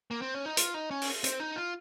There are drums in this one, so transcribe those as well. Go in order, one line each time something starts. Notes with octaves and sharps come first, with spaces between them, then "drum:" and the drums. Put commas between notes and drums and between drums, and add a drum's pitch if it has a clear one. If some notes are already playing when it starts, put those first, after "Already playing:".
A#3
C4
C#4
D#4
F4, drum: hi-hat
D#4
C#4
drum: open hi-hat
C4, drum: hi-hat
D#4
F4